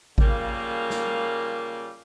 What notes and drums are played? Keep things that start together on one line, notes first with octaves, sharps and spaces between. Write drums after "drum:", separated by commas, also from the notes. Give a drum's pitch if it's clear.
C#3 G3 A#3 F4, drum: kick G#1
drum: snare